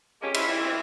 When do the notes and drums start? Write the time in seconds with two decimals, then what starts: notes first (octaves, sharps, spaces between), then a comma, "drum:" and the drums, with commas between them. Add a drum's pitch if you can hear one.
0.22 F3 G#3 A#3 C#4 G4
0.34 E4 A#4 C5 E5, drum: cymbal
0.48 E3 G3 C4 E4
0.64 E3 C4